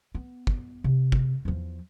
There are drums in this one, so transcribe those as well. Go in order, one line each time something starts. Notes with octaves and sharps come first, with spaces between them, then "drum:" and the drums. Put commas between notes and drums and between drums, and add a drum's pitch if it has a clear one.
B3
drum: kick
C3
drum: kick
E2 F3